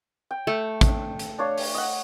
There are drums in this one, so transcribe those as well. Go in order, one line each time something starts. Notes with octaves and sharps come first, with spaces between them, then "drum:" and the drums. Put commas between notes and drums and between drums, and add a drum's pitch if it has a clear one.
G5
A3
drum: kick, hi-hat
drum: hi-hat
D4 C#5 F5
drum: open hi-hat
D#5 F#5